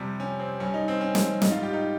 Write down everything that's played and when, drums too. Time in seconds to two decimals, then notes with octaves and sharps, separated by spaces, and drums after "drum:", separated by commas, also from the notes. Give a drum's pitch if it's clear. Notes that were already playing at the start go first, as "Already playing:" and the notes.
Already playing: F2 C3 G3
0.20 C#4
0.39 C4
0.60 G2 G3 C#4
0.74 D#4
0.88 C4
1.01 C#4
1.15 drum: snare
1.42 G#2 G3 D#4, drum: snare
1.52 F4
1.63 G4
1.73 D#4